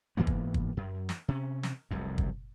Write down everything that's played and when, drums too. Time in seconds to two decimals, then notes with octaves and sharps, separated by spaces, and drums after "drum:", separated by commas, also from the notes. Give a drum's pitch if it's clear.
0.17 G#2 E3 A#3 B3
0.27 drum: kick
0.54 drum: kick
0.77 F#2
1.09 drum: snare
1.28 C3 C#4
1.63 drum: snare
1.91 F1 C2 F#2
2.18 drum: kick